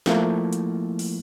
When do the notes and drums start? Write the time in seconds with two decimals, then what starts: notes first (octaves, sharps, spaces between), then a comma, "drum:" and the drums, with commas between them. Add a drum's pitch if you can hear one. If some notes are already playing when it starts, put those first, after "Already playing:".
0.06 F3 A3 A#3 E4, drum: snare
0.53 drum: hi-hat
0.99 drum: open hi-hat